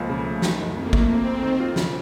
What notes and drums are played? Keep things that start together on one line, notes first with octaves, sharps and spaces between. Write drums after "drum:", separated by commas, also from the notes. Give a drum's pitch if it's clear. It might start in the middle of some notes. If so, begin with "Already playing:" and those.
Already playing: C#2 F3 A#3
C#3
A3
D#3, drum: snare
F#1
F2 A#3
A3, drum: kick
A#3 C4
F2
D#3
F4
C#3, drum: snare